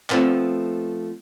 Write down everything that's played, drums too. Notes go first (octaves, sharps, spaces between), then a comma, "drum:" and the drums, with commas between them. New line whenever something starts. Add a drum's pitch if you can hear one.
F3 A3 B3 C4, drum: clap